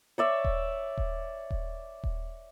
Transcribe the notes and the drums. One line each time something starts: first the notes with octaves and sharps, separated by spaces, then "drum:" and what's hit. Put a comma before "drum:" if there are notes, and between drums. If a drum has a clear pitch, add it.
C#5 D5 E5
drum: kick D#1
drum: kick D#1
drum: kick D#1
drum: kick D#1